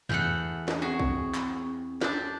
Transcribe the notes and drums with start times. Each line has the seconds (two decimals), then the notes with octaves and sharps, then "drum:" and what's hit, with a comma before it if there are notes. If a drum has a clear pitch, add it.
0.09 E2 A3 F#5 G6, drum: tom E2
0.68 drum: snare
0.82 C4 F#4 G#4
0.99 drum: kick
1.34 drum: clap
2.01 D4 G4, drum: snare